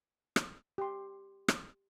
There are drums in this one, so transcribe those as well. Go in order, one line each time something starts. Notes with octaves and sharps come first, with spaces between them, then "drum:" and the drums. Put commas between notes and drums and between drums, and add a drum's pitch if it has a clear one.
drum: rim click
G4 C6
drum: rim click